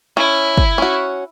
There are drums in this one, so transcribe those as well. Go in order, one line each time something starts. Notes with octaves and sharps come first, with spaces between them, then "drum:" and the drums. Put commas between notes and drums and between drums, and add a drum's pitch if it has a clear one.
C#4 E4
drum: kick
C#4 F#4